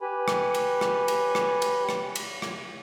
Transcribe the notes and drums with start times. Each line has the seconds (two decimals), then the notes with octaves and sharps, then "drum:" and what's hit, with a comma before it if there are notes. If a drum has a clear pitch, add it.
0.01 G4 B4 G#5 B5
0.28 drum: rim click
0.54 drum: cymbal
0.81 drum: rim click
1.08 drum: cymbal
1.35 drum: rim click
1.62 drum: cymbal
1.89 drum: rim click
2.15 drum: cymbal
2.42 drum: rim click